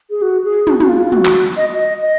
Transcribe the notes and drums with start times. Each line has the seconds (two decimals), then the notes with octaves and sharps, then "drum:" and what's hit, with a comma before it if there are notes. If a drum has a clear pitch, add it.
0.10 G#4
0.22 F#4
0.44 G#4
0.67 F#4, drum: tom
0.80 F#4, drum: tom
0.89 F4
1.06 F4
1.12 F#4, drum: tom
1.25 drum: clap
1.57 D#5
1.74 D#5
2.02 D#5